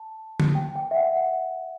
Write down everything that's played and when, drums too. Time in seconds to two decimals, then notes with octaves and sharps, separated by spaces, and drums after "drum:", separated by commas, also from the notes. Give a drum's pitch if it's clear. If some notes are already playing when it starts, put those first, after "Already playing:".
Already playing: A5
0.40 drum: tom
0.55 G5
0.76 G5
0.91 E5
0.97 F#5
1.16 F#5